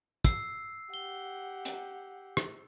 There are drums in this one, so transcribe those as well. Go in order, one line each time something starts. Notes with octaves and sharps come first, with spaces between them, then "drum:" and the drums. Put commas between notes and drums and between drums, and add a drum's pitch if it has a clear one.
E6 C7, drum: kick, hi-hat
G4 F#5 G7
drum: hi-hat
drum: rim click